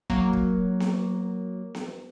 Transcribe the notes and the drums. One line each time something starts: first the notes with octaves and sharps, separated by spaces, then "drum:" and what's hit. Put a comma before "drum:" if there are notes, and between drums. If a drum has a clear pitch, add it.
F#3 A#3, drum: kick
drum: kick
drum: snare B3
drum: snare B3